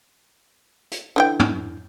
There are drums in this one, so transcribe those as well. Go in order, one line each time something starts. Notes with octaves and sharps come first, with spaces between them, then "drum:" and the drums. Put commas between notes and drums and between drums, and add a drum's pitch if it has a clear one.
drum: hi-hat
D3 E3 G5
drum: tom